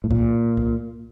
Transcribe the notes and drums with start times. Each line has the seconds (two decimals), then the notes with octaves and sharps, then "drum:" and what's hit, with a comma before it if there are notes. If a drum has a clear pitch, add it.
0.04 A2
0.11 A#2, drum: kick C2
0.57 drum: kick C2